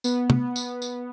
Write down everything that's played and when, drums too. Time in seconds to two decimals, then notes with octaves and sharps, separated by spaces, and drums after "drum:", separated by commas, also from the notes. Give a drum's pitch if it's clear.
0.04 B3, drum: tambourine
0.30 drum: tom
0.56 drum: tambourine
0.82 drum: tambourine